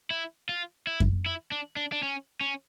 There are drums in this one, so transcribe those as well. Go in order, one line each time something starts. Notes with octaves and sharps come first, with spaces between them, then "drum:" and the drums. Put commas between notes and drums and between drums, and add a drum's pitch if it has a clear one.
E4
F4
E4
drum: kick F#2
E4
D4
D4
D4
C#4
C#4